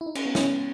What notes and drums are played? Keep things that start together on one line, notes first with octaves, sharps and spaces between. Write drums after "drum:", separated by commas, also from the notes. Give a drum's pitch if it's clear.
E4
D#4
C#4, drum: cymbal
B3
C#4, drum: snare